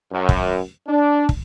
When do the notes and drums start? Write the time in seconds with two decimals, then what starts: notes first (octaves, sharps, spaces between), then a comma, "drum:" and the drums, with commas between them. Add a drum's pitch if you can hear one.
0.12 F#2
0.29 drum: kick
0.87 D4
1.29 drum: kick